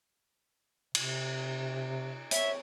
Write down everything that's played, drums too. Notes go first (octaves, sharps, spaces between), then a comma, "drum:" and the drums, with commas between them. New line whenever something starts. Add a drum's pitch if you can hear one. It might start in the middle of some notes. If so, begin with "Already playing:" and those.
C3, drum: cymbal
C#5 E5, drum: hi-hat